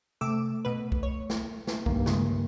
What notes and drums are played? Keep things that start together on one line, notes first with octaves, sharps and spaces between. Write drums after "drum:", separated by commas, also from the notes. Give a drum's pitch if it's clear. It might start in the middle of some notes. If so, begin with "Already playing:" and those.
C3 A3 D6 E6
B2 B4
drum: kick
C#5
drum: snare
drum: snare
G2 D#3 A#3, drum: kick
C#3 G#3, drum: snare